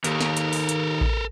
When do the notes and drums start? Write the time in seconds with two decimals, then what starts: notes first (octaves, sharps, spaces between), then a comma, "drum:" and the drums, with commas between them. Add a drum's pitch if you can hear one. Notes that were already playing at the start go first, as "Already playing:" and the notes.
0.04 D#2 A4 A#4, drum: hi-hat
0.21 drum: snare
0.37 drum: hi-hat
0.53 drum: open hi-hat
0.69 drum: hi-hat
1.01 drum: kick A1